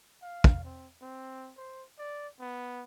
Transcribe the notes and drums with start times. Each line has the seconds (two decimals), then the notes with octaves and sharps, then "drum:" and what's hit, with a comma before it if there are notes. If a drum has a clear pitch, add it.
0.22 F5
0.44 drum: kick
0.64 C4
1.01 C4
1.57 C5
1.98 D5
2.40 B3